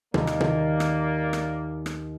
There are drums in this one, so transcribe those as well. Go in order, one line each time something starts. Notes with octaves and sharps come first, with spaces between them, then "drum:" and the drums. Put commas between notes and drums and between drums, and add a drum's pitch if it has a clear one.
D#2 A#3 D5, drum: tom
drum: rim click
drum: tom
drum: rim click
drum: rim click
drum: rim click